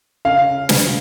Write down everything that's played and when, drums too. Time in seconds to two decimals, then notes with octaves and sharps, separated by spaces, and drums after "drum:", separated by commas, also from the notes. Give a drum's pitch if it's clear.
0.25 C#3 F5
0.69 drum: snare